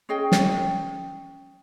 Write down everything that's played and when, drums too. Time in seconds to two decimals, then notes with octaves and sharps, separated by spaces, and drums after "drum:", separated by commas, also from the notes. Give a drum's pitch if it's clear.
0.09 C#4 G#4 D#5 G5
0.32 drum: snare